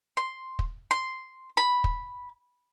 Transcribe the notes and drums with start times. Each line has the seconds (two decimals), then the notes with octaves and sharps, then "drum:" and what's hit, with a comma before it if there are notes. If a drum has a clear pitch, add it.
0.17 C6
0.59 drum: kick
0.91 C6
1.57 B5
1.84 drum: kick